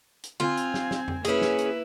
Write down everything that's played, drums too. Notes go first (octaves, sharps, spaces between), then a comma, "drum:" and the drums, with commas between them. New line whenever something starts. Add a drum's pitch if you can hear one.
drum: hi-hat
C4 F4 G#5, drum: tom D3
drum: hi-hat
drum: snare
drum: snare
drum: tom F2
A#3 C#4 E4 G#4 B4, drum: hi-hat
drum: snare
drum: hi-hat